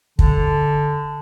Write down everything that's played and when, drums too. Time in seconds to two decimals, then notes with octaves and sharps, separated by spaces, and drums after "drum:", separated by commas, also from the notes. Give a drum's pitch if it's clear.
0.19 D3, drum: kick